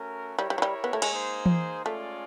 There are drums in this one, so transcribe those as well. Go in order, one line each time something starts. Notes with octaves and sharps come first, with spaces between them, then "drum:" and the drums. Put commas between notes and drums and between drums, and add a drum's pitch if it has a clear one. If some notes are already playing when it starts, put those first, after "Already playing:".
Already playing: A3 C#4 F#4 A#4
G3 E4 G4 A#4 C#5
G3
F#3
G3
B3
A3
G#3, drum: cymbal
A#3 D#4 G#4 C5
drum: tom E3
G#3 A3 C#4 F4 A4 D5